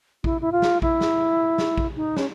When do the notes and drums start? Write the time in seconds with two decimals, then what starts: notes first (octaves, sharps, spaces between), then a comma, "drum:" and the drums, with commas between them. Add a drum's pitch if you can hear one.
0.24 E4, drum: kick A#1
0.41 E4
0.52 F4
0.62 drum: snare
0.82 E4, drum: kick A#1
1.01 drum: snare
1.58 drum: snare
1.78 drum: kick A#1
1.96 D#4
2.17 C#4, drum: snare